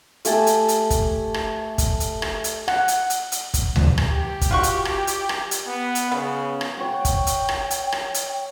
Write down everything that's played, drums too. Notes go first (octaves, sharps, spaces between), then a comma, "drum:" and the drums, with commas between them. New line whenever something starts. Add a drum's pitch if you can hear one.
A3 G4 G#5 A5, drum: hi-hat
drum: hi-hat
drum: hi-hat
drum: kick, hi-hat
drum: rim click
drum: kick, hi-hat
drum: hi-hat
drum: rim click
drum: hi-hat
F#5, drum: rim click
drum: hi-hat
drum: hi-hat
drum: hi-hat
drum: kick, hi-hat
drum: tom D2
drum: rim click
G4
drum: kick, hi-hat
F4 F#4 C#6
drum: hi-hat
drum: rim click
drum: hi-hat
drum: rim click
drum: hi-hat
B3
drum: hi-hat
C#3 B3
drum: rim click
C#5 F#5 G5
drum: kick, hi-hat
drum: hi-hat
drum: rim click
drum: hi-hat
drum: rim click
drum: hi-hat